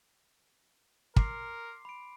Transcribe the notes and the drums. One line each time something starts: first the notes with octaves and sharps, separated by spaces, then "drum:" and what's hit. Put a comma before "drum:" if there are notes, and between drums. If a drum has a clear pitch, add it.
A#4 C6 D6 C7, drum: kick
B5 D7